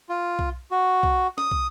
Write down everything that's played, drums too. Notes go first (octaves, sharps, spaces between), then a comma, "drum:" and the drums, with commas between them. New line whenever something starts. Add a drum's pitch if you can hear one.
F4
drum: kick
F#4
drum: kick
D#6, drum: snare
drum: kick